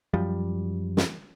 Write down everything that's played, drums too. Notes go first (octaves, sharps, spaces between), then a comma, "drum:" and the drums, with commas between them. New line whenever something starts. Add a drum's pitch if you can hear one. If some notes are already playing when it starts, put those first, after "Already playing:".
F#2 F3 G3
drum: snare